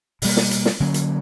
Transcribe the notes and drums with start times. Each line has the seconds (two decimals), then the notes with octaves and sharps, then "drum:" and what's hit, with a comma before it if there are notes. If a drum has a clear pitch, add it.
0.22 B2 G3 A#3, drum: open hi-hat
0.37 drum: snare
0.51 drum: hi-hat
0.65 drum: snare
0.80 D3 F#3 A#3 C#4
0.94 drum: hi-hat